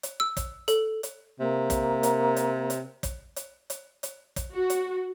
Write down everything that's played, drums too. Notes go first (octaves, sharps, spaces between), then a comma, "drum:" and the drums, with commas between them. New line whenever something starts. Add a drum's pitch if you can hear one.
drum: hi-hat
E6
drum: kick, hi-hat
A4, drum: hi-hat
drum: hi-hat
C3 A#3
drum: kick, hi-hat
drum: hi-hat
drum: hi-hat
drum: hi-hat
drum: kick, hi-hat
drum: hi-hat
drum: hi-hat
drum: hi-hat
drum: kick, hi-hat
F#4
drum: hi-hat